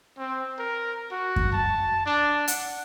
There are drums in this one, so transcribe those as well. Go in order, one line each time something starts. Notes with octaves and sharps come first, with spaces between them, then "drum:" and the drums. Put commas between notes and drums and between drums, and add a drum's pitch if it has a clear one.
C4
A#4
F#4
drum: kick F#2
A5
D4
F#5, drum: hi-hat